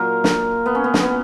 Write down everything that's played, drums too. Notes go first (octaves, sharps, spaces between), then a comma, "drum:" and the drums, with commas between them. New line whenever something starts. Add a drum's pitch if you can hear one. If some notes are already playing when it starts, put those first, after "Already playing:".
Already playing: A#2 F#3 A#4
drum: snare
B3
C#4
B3
C#4, drum: snare
B3